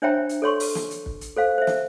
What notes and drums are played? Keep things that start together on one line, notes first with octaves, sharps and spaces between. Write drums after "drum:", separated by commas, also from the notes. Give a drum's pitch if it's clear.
D4 C5 C#5 E5 G5 A#5
drum: hi-hat
A4 C#5 C6 C#6
drum: open hi-hat
drum: snare
drum: hi-hat
drum: kick
drum: hi-hat
A4 C5 F5
C5 E5
drum: snare